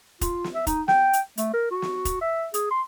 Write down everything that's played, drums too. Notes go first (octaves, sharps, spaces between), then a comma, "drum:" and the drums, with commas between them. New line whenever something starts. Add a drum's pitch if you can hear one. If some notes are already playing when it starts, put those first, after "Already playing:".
F4, drum: kick, hi-hat
drum: snare
E5
D#4, drum: kick, hi-hat
G5, drum: snare
drum: hi-hat
A3, drum: hi-hat
A#4
F#4
drum: snare
drum: kick, hi-hat
E5
G#4, drum: hi-hat
C6